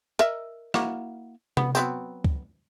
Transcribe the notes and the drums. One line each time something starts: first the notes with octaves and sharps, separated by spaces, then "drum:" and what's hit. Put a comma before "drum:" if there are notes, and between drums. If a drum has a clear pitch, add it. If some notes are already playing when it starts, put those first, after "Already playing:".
A#4 D#5 E5, drum: hi-hat
A#3 E4 F#4, drum: rim click
B3, drum: tom C3
F#3 B3 C4, drum: tambourine
drum: kick C#2